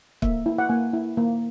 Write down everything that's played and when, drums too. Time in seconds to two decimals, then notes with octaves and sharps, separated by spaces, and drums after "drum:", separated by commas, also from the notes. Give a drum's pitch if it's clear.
0.22 A#3 E5, drum: kick
0.46 E4
0.59 F#5
0.69 A#3 G#5
0.93 E4
1.17 A#3